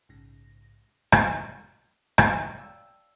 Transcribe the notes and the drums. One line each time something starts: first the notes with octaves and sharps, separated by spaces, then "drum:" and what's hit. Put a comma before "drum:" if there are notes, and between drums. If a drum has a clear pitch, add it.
A#1 G#2 C#3 A#6
drum: rim click
drum: rim click
C#5 G5 A5
D5 F5 G5 E6